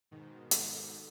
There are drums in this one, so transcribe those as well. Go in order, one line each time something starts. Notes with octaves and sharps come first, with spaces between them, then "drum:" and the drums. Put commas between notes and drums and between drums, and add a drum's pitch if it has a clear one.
G#2 B2 D#3
A4, drum: hi-hat